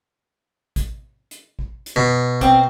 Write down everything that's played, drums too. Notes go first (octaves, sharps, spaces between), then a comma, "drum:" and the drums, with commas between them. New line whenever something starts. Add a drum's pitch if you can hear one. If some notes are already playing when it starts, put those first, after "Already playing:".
drum: kick A1, hi-hat
drum: hi-hat
drum: kick A1
drum: hi-hat
B2
C4, drum: kick A1, hi-hat